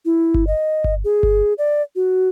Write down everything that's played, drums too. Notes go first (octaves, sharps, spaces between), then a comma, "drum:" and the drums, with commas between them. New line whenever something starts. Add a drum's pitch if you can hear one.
E4
drum: kick G1
D#5
drum: kick G1
G#4
drum: kick G1
D5
F#4